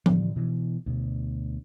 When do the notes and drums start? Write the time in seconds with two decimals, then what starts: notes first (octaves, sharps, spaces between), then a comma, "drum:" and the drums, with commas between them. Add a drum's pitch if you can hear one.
0.06 A2 D3 E3 G3, drum: tom F3
0.36 B2 E3
0.86 D2 B2